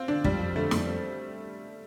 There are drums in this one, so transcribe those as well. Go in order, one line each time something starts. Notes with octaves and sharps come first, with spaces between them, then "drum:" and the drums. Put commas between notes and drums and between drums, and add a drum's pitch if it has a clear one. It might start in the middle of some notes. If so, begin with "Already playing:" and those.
Already playing: C4 F4
D3 D4
F2 G3, drum: kick
F2
D3 A3
F2, drum: snare
C4